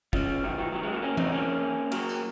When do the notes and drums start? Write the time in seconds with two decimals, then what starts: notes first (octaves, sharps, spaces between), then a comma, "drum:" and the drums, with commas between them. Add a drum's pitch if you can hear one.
0.13 C#4 F4, drum: kick
0.44 D#3 F#3
0.58 D#3 F#3
0.72 D#3 F#3
0.82 F3 G#3
0.92 F#3 A#3
1.02 A#3 C#4
1.17 C4 D#4, drum: tom E3
1.32 A#3 C#4
1.92 F#3 A#3, drum: cymbal
2.09 drum: tambourine